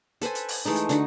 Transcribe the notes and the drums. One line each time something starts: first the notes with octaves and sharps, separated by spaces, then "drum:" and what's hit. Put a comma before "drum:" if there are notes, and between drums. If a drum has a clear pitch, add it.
A4 B4 C5 G#5, drum: hi-hat
drum: hi-hat
drum: open hi-hat
E3 G#3 A3 D#4
drum: hi-hat
D3 D#4 F#4, drum: hi-hat